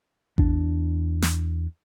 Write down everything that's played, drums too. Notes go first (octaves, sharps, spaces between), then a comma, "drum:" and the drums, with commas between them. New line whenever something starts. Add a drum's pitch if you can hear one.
E2 D4, drum: kick A1
drum: snare